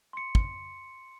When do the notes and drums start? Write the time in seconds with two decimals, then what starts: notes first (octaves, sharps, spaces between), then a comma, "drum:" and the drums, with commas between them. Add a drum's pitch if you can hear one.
0.13 C6 C#7
0.35 drum: kick